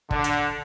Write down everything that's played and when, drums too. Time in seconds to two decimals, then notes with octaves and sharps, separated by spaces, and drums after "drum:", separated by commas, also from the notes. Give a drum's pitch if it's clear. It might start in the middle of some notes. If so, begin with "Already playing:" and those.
0.11 D3, drum: kick
0.24 drum: hi-hat